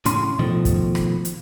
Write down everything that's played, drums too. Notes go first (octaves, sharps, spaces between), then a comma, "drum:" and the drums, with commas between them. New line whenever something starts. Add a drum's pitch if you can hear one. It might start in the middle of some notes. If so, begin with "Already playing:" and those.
A2 C#3 C#4 C6, drum: hi-hat
B2 D#3 F3 A3
drum: kick, hi-hat
drum: rim click
drum: hi-hat